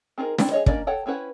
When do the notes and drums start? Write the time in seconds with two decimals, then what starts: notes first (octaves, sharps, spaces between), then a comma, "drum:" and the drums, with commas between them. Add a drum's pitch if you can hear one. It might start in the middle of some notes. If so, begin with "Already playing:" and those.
0.18 C4 D#4 G#4 A#4
0.38 C4 D4 E4, drum: snare
0.51 G#4 C#5 D#5
0.66 A#3 C#4 D4 D5 D#5, drum: kick
0.87 A4 C#5 F#5 G5 A5
1.06 C4 C#4 E4 B4 F#5